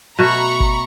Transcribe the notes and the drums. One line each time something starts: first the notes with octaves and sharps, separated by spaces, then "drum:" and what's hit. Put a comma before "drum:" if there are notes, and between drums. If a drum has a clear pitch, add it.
B2 A3 F#4 A#5 B5 C#6
drum: kick G1